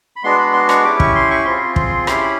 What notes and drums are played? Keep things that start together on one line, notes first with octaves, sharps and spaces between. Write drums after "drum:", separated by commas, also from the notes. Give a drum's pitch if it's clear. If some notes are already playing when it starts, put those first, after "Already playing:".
B5
G#3 B3 D4 F#4 C6
B5
C6
C#6, drum: rim click
C#4 E4 G4 D6
C#6, drum: kick
C6
C#6
C4 F4 G#4 C6
C6, drum: kick
C#4 E4 G4 C6, drum: rim click
B5